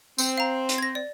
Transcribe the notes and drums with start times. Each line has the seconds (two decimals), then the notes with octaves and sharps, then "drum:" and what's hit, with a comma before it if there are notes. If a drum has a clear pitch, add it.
0.18 C4, drum: tambourine
0.38 F5 A#5
0.69 drum: hi-hat
0.78 G#6 A#6
0.95 D5